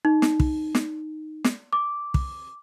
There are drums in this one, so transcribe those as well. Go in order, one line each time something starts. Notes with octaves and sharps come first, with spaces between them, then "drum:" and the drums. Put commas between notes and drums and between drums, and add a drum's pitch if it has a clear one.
D#4
drum: snare
drum: kick
drum: snare
drum: snare
D6
drum: kick